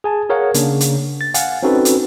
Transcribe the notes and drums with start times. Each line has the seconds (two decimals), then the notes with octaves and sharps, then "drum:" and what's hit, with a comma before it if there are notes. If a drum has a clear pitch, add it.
0.04 G#4 G#5 A5
0.30 G#4 A#4 C#5 F5 F#5
0.54 C#3 A#3 D4, drum: hi-hat
0.80 drum: hi-hat
1.21 A6
1.34 F5 F#5 G#5, drum: hi-hat
1.63 C4 C#4 D#4 F#4 A4 B4
1.85 drum: hi-hat